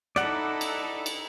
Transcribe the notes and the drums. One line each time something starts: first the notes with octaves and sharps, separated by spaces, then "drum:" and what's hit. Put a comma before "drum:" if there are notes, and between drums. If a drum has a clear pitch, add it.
D#4 E4 A4 D5 F#5, drum: rim click
drum: cymbal
drum: cymbal